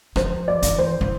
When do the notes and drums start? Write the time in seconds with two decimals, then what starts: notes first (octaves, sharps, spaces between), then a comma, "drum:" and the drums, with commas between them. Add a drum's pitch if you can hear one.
0.16 F3 C5, drum: rim click
0.48 D5
0.62 E3, drum: hi-hat
0.79 C5
1.01 E3